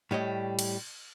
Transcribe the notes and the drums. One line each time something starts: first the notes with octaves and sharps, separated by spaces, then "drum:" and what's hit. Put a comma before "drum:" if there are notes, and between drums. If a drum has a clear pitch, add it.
A2 G3 C#5 D#5
drum: cymbal